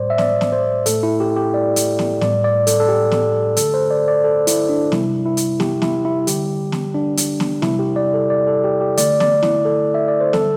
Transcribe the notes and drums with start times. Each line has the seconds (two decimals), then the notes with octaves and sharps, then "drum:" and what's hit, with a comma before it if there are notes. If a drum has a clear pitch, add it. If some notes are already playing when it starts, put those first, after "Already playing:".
Already playing: A2 G3 C5 D5
0.10 E5
0.18 D5, drum: snare
0.41 drum: snare
0.52 C5
0.86 A2 A3 A4, drum: hi-hat
1.03 E4
1.20 G4
1.36 G4
1.54 D5
1.76 drum: hi-hat
1.99 drum: snare
2.21 A2 G3 D5, drum: snare
2.44 D5
2.67 A4, drum: hi-hat
2.80 A4
2.88 G4
3.11 drum: snare
3.57 D3 A3 A4, drum: hi-hat
3.74 C5
3.90 D5
4.08 D5
4.24 A4
4.47 E4, drum: hi-hat
4.69 D4
4.92 C3 G3 E4, drum: snare
5.26 E4
5.37 drum: hi-hat
5.60 G4, drum: snare
5.82 E4, drum: snare
6.05 E4
6.27 D3 G3 G4, drum: hi-hat
6.72 drum: snare
6.95 D4
7.17 drum: hi-hat
7.40 drum: snare
7.62 C3 G3 E4, drum: snare
7.79 G4
7.96 D5
8.14 A4
8.30 D5
8.47 A4
8.64 G4
8.81 G4
8.97 D3 A3 D5, drum: hi-hat
9.20 D5, drum: snare
9.43 E4, drum: snare
9.65 A4
9.94 E5
10.08 D5
10.21 C5
10.33 D3 G3 A4, drum: snare